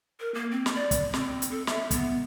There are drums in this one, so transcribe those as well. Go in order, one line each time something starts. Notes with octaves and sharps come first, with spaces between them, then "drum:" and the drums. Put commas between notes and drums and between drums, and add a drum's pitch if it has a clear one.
A#4
A#3
C4
drum: snare
D5
drum: kick, hi-hat
C4, drum: snare
drum: hi-hat
A4
E5, drum: snare
B3, drum: kick, hi-hat